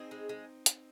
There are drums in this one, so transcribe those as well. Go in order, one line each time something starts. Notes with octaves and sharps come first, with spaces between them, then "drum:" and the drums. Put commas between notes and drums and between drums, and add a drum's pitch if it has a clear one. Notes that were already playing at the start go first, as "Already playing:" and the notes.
Already playing: C4 D#4 G#4
G#3
G#3
drum: hi-hat